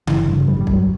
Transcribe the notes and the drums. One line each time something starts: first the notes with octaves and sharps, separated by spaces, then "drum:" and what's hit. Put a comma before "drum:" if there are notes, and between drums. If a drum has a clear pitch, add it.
G1 E3, drum: tom C#3
G2
A1 G3
G3
G2, drum: kick
F#3